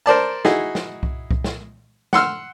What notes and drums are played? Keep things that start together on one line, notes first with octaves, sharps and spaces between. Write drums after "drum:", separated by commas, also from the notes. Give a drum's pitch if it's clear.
A#4 C5 D5 A5
D#4 E4 F#4 G#4, drum: snare
drum: snare
drum: kick C2
drum: kick C2
drum: snare
F#5 C6 E6 F6, drum: snare